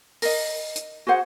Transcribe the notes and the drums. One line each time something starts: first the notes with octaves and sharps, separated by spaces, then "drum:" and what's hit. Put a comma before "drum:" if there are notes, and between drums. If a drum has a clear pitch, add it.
A#4 D#5, drum: open hi-hat
drum: hi-hat
F#4 G#4 C5 F#5